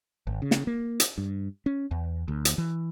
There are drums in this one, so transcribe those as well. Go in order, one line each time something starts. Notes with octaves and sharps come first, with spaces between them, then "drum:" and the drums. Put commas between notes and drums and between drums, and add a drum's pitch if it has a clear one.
G#1
C#3
drum: snare
A#3
drum: hi-hat
G2
C#4
E2
D2
drum: hi-hat
E3